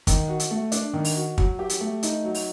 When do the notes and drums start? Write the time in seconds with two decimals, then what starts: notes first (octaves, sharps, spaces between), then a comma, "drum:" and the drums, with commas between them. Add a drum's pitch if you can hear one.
0.07 D#3, drum: kick, hi-hat
0.28 F#4
0.40 drum: hi-hat
0.51 A3
0.72 D4, drum: hi-hat
0.93 D#3
1.05 drum: open hi-hat
1.15 F#4
1.38 F#3, drum: kick
1.59 G4
1.70 drum: hi-hat
1.81 A3
2.03 D#4, drum: hi-hat
2.24 F#3
2.34 drum: open hi-hat